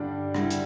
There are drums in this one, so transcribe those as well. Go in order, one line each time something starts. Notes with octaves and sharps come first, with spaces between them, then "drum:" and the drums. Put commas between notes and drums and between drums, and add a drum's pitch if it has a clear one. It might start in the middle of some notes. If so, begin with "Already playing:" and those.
Already playing: G2 D3 G3 D4
D3 G3 E4, drum: rim click
drum: hi-hat